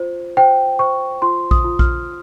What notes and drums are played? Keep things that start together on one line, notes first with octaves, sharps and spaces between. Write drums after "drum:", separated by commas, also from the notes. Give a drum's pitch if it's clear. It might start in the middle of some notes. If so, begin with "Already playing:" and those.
Already playing: F4 C5
C5 G5
C5 C#6
F4 C6
D#6, drum: kick A#1
F4
F6, drum: kick A#1